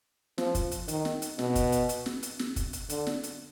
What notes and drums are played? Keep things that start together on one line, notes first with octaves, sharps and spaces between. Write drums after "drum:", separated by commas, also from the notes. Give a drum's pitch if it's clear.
F3, drum: snare
drum: kick, hi-hat
drum: hi-hat
D#3, drum: hi-hat
drum: snare
drum: hi-hat
B2, drum: snare
drum: kick, hi-hat
drum: hi-hat
drum: hi-hat
drum: snare
drum: hi-hat
drum: snare
drum: kick, hi-hat
drum: hi-hat
D3, drum: hi-hat
drum: snare
drum: hi-hat